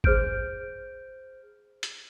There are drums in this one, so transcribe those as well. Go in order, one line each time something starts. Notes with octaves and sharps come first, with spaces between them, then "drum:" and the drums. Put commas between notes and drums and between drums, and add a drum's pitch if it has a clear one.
G#4 C5 F6 G6 D7, drum: kick
drum: hi-hat